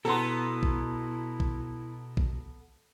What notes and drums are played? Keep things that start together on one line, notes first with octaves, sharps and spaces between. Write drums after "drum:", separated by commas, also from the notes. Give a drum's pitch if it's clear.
B2 B3 E4 A4 A#5 C6
drum: kick A#1
drum: kick A#1
drum: kick A#1